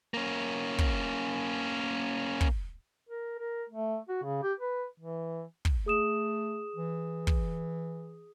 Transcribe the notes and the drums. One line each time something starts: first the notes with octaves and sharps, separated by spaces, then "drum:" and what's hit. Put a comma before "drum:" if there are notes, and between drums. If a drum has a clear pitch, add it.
A#3 C#4
drum: kick
drum: kick
A#4
A#4
A3
F#4
C#3
G4
B4
E3
drum: kick
A3 G#4 D#6 E7
E3
drum: kick